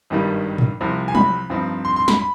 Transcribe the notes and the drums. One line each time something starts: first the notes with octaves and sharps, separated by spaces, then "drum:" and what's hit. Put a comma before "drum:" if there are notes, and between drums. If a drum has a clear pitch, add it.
G#1 G2 D#3 G3
drum: tom
C2 C3 F3 C4
G#5
B5, drum: tom
G2 F3 C4 D#4
C6
C6
B5, drum: snare
B5